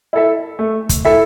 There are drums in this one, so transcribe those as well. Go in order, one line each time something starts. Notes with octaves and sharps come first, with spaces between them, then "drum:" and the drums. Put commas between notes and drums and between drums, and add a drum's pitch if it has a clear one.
E4 A4 E5
A3
drum: kick, hi-hat
E4 A4 E5